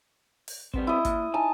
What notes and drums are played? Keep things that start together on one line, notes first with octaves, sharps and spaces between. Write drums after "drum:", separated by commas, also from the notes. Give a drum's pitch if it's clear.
drum: open hi-hat
G3 B3 C4, drum: kick
E4 D#5
A#2, drum: kick, hi-hat
D#4 G#5 A5